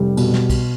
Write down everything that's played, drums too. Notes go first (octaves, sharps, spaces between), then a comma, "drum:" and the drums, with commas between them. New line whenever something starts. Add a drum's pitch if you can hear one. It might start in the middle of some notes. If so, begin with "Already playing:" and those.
Already playing: F1 G3
B2, drum: cymbal
drum: snare
drum: kick, cymbal